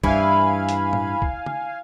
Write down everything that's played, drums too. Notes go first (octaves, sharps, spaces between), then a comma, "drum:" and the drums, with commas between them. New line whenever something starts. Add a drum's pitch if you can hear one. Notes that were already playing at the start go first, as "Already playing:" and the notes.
G2 E3 F5 G#5 B5, drum: kick
drum: hi-hat
drum: tom A2
drum: kick
drum: tom